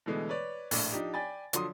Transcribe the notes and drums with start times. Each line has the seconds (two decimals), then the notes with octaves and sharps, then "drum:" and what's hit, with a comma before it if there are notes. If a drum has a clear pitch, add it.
0.06 B2 D3 E3 G#3 A3
0.29 B4 C#5 D5
0.71 A#1 A2, drum: open hi-hat
0.92 F3 D4 D#4 G4
1.14 D5 G5 G#5 B5 A6
1.53 D3 F3 F#3 C6 D#6, drum: hi-hat